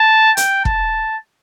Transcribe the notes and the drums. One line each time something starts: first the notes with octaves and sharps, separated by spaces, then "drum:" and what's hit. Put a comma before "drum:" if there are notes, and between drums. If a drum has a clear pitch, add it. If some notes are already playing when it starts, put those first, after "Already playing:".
Already playing: A5
G5, drum: hi-hat
A5, drum: kick